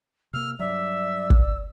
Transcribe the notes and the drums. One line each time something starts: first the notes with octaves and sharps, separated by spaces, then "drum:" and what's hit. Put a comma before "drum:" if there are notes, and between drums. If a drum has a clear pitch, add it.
C3 A#3 E6 F6
G2 F#3 D5 E5 E6
drum: kick